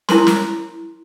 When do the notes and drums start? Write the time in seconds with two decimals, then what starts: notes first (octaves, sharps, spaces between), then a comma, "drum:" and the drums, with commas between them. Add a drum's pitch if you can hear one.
0.09 E4 A#4 C6, drum: snare
0.27 drum: snare